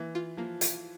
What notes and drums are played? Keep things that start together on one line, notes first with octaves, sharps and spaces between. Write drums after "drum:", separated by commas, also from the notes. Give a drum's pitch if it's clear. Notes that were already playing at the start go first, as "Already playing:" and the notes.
Already playing: E3 A#3
F4
F3 A#3
F4, drum: hi-hat